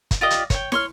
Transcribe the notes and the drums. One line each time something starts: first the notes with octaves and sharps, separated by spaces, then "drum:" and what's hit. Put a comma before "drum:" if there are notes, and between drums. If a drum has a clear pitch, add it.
drum: kick, hi-hat
F4 G4 D5 D#5
drum: hi-hat
C#5 G5, drum: kick, hi-hat
C#5 C6 F6, drum: snare